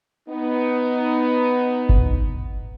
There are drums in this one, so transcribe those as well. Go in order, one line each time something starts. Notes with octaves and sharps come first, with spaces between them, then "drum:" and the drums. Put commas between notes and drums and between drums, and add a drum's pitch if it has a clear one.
B3 D#4
drum: kick G1